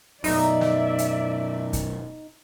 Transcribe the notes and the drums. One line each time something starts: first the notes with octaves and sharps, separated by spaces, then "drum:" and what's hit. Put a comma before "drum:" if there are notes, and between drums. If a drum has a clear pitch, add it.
F#2 B2 D#4 D5 E5, drum: open hi-hat
drum: snare
drum: hi-hat
drum: kick, hi-hat